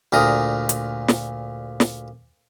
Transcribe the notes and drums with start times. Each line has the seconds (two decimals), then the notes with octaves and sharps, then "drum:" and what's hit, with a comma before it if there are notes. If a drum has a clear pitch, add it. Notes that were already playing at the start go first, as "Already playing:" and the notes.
0.12 D2 A#2 A#4 D#6
0.69 drum: hi-hat
1.08 drum: snare
1.80 drum: snare